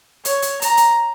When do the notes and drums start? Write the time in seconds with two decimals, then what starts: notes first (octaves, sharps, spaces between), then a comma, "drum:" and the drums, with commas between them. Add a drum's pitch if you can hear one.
0.25 C#5, drum: hi-hat
0.42 drum: hi-hat
0.62 A#5, drum: hi-hat
0.77 drum: hi-hat